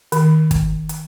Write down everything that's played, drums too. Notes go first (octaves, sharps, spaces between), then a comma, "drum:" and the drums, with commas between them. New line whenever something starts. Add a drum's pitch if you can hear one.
D#3, drum: hi-hat
drum: kick, hi-hat
drum: hi-hat